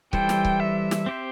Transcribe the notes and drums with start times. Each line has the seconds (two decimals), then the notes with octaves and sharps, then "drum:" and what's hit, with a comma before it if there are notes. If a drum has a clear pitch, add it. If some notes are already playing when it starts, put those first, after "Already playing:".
0.13 E3 G3 E4 A4 C5 G5, drum: kick C#1
0.29 drum: snare
0.45 drum: kick C#1
0.60 E5
0.91 drum: snare
1.06 C4 G4 C5